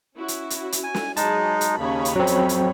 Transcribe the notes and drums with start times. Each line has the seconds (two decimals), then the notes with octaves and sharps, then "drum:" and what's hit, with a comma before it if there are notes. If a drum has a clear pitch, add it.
0.17 C#4 E4 F#4
0.28 drum: hi-hat
0.50 drum: hi-hat
0.72 drum: hi-hat
0.84 G#5
0.94 drum: snare
1.17 F#3 G#3 D#4 G#4 A5, drum: hi-hat
1.61 drum: hi-hat
1.78 D#2 C#3 C#4 C#5 B5
2.05 drum: hi-hat
2.16 F2 F#3 C4
2.27 drum: hi-hat
2.49 drum: hi-hat